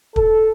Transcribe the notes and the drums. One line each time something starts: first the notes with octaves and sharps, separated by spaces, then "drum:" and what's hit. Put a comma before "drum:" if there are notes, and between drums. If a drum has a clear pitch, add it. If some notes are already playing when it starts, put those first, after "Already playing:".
A4, drum: kick